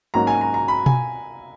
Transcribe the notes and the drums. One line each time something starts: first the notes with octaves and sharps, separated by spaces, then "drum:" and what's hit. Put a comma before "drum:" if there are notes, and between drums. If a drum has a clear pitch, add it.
G#2 F#3 A#3 C#4 F#4 A#5
G#5
A#5
A#5
B5
G#5, drum: tom B2